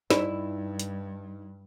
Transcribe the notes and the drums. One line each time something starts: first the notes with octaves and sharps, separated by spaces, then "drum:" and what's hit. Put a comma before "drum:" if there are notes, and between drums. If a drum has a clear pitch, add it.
G2 D#4 E4 D5, drum: snare
drum: hi-hat